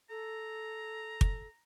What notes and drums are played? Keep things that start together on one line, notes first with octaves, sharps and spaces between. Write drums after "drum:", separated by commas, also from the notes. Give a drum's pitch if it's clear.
A4 A#5
drum: kick